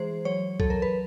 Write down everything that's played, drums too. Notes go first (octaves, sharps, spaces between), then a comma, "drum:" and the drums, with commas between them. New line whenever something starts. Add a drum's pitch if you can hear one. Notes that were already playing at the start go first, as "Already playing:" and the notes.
Already playing: E3 G#3 G#4 C5
F#3 C#5
F#3 A4, drum: kick
A#4
B4